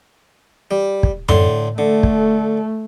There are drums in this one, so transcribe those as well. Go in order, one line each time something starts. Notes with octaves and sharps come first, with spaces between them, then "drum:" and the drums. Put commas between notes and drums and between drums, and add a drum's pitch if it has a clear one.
G3
drum: kick
A2 D3 C6, drum: tom F#2
D3 A3
drum: kick